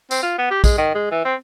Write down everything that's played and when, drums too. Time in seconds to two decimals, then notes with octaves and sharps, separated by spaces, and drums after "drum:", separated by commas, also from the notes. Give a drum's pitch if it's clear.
0.11 C4, drum: tambourine
0.23 F4
0.38 B3
0.51 G4
0.64 G#3, drum: kick A#1, tambourine
0.78 D#3
0.95 G#3
1.11 E3
1.25 C4